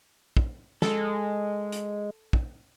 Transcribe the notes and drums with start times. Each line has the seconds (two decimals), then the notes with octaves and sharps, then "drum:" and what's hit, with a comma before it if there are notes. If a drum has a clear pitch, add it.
0.37 drum: kick
0.82 G#3 A4, drum: snare
1.72 drum: hi-hat
2.33 drum: kick